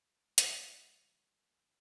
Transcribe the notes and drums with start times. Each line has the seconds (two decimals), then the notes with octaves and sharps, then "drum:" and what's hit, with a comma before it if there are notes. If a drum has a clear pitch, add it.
0.12 A#3
0.24 G#3
0.38 A#3, drum: hi-hat
0.51 G#3
0.79 F3
0.92 D3